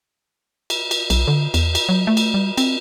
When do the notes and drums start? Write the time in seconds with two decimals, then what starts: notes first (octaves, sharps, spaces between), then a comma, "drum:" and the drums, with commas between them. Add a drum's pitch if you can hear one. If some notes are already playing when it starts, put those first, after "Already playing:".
0.70 drum: cymbal
0.91 drum: cymbal
1.10 B1, drum: cymbal
1.27 D3
1.54 E2, drum: cymbal
1.75 drum: cymbal
1.89 F#3
2.07 A3
2.17 drum: cymbal
2.34 G3
2.57 C4, drum: cymbal